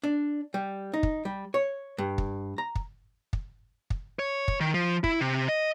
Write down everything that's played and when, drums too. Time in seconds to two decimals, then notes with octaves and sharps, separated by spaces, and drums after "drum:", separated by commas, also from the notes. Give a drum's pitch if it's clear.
0.04 D4
0.54 G3
0.94 D#4
1.03 drum: kick
1.25 G3
1.54 C#5
1.98 G2
2.18 drum: kick
2.58 A#5
2.75 drum: kick
3.33 drum: kick
3.90 drum: kick
4.19 C#5
4.48 drum: kick
4.60 D#3
4.74 F3
5.04 E4, drum: kick
5.21 C3
5.48 D#5